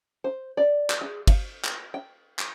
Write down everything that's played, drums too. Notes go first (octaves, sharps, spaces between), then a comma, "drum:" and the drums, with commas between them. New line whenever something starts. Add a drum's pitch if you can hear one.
C5
D5
drum: clap
G#4
F5, drum: kick G1, cymbal
drum: clap
G5
drum: clap